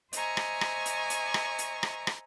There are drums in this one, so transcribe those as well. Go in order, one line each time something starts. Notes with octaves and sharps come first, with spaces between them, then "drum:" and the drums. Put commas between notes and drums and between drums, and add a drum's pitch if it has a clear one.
C5 D#5 E5 G#5 A#5 C#6, drum: hi-hat
drum: rim click
drum: rim click
drum: hi-hat
drum: hi-hat
drum: rim click
drum: hi-hat
drum: rim click
drum: rim click